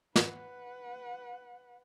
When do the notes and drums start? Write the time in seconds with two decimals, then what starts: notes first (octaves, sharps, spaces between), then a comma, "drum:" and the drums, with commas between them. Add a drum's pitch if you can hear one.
0.16 B4 F#5, drum: snare